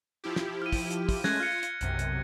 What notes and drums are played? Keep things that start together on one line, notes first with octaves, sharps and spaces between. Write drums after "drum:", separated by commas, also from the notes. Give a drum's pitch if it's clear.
F3 E4 G4
drum: snare
F6 D#7
drum: kick, open hi-hat
drum: hi-hat
drum: kick, open hi-hat
G#3 A3 C#4 F#6 G#6 A#6, drum: snare
F4 F6 C#7
drum: hi-hat
B1 F#2 C3, drum: hi-hat
drum: hi-hat